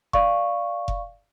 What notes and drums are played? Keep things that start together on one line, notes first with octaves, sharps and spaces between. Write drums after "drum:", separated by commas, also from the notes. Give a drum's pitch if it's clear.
D5 F5 C#6, drum: kick F1
drum: kick F1